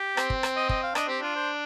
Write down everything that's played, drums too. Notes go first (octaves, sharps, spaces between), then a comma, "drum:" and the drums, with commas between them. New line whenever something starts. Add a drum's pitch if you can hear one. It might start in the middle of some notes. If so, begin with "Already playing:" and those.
Already playing: G4
C4, drum: rim click
drum: kick
drum: rim click
D#5
D#5, drum: kick
F5
D4 D#5, drum: rim click
C4 G4
D4 F4
C5